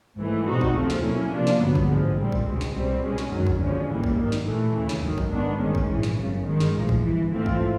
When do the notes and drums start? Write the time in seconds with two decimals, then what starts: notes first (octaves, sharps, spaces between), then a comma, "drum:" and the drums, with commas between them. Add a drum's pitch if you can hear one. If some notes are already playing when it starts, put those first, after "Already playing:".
0.18 G#1 G#2 E3 A3
0.47 B2 G3 C4 D#4 F#4
0.61 drum: kick
0.75 D#2 C#3 F3 A3 C4
0.90 drum: snare
1.03 B2 F#3 A#3 C#4 E4
1.32 C3 F3 A#3 D4 F4
1.47 drum: snare
1.61 G#1 G2 D3 F#3 B3
1.75 drum: kick
1.90 A1 G#2 F3 G#3
2.18 A#2 G3 C4
2.32 drum: kick
2.47 C#2 B2 G#3
2.61 drum: snare
2.75 C2 B2 G3 C4
3.04 B2 G#3 C#4
3.18 drum: snare
3.32 G1 F#2 D#3 F#3
3.47 drum: kick
3.61 D#2 D3 F3 G#3 C#4
3.89 A1 G#2 E3 G3 A#3
4.04 drum: kick
4.18 G#1 F#2 D#3 G3
4.32 drum: snare
4.46 A#1 A2 E3 A3
4.74 D#2 C#3 E3
4.89 drum: snare
5.04 G#1 F#2 D#3 F#3
5.18 drum: kick
5.31 G#2 D#3 G#3 B3 D4
5.60 A1 G2 D#3 G#3 C#4
5.75 drum: kick
5.89 A#1 G#2 E3
6.03 drum: snare
6.17 G1 F#2 C#3
6.46 G2 D#3 G#3
6.60 drum: snare
6.75 A#1 A2 F3
6.89 drum: kick
7.03 G1 G2 E3
7.32 G#2 E3 A3 C4 F4
7.46 drum: kick